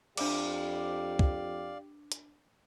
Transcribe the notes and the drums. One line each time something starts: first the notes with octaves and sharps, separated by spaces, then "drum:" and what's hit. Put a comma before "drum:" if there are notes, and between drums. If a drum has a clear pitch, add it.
F2 D4 G4 D5 F5 D6, drum: cymbal
drum: kick
drum: hi-hat